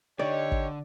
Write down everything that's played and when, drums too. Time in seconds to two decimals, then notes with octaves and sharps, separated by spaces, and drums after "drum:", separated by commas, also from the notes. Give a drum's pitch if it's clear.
0.19 D3 D#4 G4 C#5 D5
0.52 drum: kick